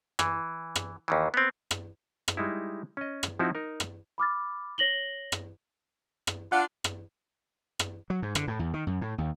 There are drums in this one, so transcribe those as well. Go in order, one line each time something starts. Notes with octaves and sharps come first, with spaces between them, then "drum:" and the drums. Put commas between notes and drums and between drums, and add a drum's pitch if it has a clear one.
E3, drum: rim click
drum: rim click
D#2 D#3 E3
B3 C4
drum: rim click
drum: rim click
G3 G#3 D#4 E4
C#4 D#5
drum: rim click
F3 C4 D#4 E4 F#4
D#4 A#4
drum: rim click
B5 D6 F6 A6
C#5 A#6 F#7 G7
drum: rim click
drum: rim click
D4 F4 F#5
drum: rim click
drum: rim click
F#3
G#2
D3, drum: rim click
A2
E2
D#3
F#2
A2
D#2